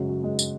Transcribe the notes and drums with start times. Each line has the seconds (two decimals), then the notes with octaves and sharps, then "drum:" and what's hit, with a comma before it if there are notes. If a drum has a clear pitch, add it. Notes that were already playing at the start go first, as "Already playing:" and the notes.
Already playing: F#2 C#3 G#3 C#4 F#4
0.09 F#3
0.24 G#3
0.39 drum: tambourine